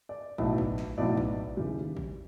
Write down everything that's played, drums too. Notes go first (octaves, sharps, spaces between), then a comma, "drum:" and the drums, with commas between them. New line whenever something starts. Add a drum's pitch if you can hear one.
D5
B1 A2 F#3, drum: kick
drum: kick
drum: snare
B1 A2 F#3 D5
drum: kick
D#2 C#3 E3 G3
drum: kick